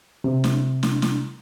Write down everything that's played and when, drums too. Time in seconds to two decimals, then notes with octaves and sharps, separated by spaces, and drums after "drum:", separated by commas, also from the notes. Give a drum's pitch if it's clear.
0.24 C3
0.44 drum: snare
0.83 drum: snare
1.02 drum: snare